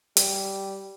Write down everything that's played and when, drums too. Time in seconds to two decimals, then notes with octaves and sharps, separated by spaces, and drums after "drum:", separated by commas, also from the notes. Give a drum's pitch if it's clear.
0.17 G3, drum: hi-hat